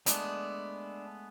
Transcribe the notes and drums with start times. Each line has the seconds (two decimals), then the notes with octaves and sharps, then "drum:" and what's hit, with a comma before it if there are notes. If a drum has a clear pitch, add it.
0.06 G#3 A3 B3 D4, drum: hi-hat